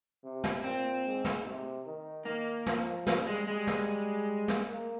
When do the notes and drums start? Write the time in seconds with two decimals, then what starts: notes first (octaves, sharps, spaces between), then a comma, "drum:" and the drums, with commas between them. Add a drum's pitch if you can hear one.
0.24 C3
0.44 drum: snare
0.64 A#2 C4
1.05 G#2
1.25 drum: snare
1.44 C3
1.86 D#3
2.25 D#3 A#3
2.66 F3, drum: snare
3.07 G3, drum: snare
3.27 G#3
3.47 G3 G#3
3.67 drum: snare
4.48 drum: snare
4.68 A#3